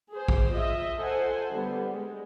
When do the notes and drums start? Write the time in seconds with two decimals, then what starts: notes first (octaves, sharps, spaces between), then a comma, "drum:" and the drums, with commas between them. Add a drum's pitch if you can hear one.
0.13 G#4 C5
0.28 drum: kick A#1
0.53 F4 D#5 E5
0.97 A4 C5 F#5 G#5
1.51 D3 G3 B3
1.93 G#3